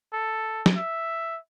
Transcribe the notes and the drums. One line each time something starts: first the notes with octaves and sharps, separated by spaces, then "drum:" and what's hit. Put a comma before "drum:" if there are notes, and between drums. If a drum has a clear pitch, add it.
A4
drum: snare
E5